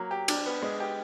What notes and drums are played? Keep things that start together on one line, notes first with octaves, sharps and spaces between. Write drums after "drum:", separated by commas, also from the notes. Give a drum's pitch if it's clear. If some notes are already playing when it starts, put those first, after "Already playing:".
Already playing: F#3 A#3
G4
D4, drum: cymbal
B3
G#3
G4